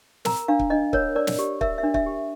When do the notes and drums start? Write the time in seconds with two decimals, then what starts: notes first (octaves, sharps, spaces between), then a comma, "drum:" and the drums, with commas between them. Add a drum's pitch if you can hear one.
0.25 A#4 A#5, drum: snare
0.48 D4 F5
0.59 drum: kick
0.70 D4 D#5
0.93 A#4 C#5, drum: kick
1.16 A#4 D5
1.27 drum: snare
1.39 G4
1.61 A#4 E5, drum: kick
1.78 E5
1.83 D4
1.94 E5, drum: kick
2.06 G4